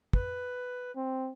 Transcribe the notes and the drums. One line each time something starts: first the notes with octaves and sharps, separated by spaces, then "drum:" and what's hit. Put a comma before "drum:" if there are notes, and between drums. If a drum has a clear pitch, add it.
B4, drum: kick
C4